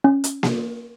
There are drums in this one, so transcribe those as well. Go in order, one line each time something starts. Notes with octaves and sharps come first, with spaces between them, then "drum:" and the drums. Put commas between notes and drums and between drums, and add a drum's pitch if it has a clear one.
C#4
drum: hi-hat
drum: snare A#3